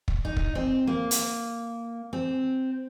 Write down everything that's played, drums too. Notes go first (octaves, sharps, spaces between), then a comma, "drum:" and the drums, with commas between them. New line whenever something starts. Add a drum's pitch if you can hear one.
drum: kick
D#4
drum: kick
C4
A#3
drum: hi-hat
C4